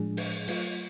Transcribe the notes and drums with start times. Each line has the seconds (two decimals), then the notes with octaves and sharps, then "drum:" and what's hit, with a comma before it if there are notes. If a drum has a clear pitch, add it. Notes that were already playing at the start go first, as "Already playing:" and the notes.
Already playing: A2 F3 G#3 D4 G#4
0.17 drum: open hi-hat
0.48 F#3 A3 F4, drum: open hi-hat